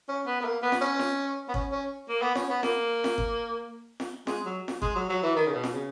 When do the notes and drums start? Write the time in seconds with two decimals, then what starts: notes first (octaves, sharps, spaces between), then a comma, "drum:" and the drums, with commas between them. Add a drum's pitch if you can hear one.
0.09 C#4
0.26 B3
0.41 B3
0.45 A#3
0.63 B3
0.72 drum: snare
0.81 C#4
0.99 drum: snare
1.49 B3
1.54 C#4, drum: kick G1
1.72 C#4
2.09 A#3
2.22 B3
2.35 C#4, drum: snare
2.50 B3
2.63 A#3, drum: snare
3.04 drum: snare
3.18 drum: kick G1
4.00 drum: snare
4.27 G#3, drum: snare
4.46 F#3
4.68 drum: snare
4.82 G#3, drum: kick G1
4.96 F#3
5.09 F#3
5.23 E3
5.36 D#3
5.47 C#3
5.54 B2
5.64 drum: snare
5.73 C#3